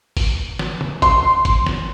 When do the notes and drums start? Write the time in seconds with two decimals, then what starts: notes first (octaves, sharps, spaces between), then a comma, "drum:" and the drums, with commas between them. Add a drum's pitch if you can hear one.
0.17 drum: kick G1, open hi-hat
0.59 drum: snare
0.81 drum: tom C3
1.02 C6, drum: kick G1, hi-hat
1.45 drum: kick G1, hi-hat
1.66 drum: snare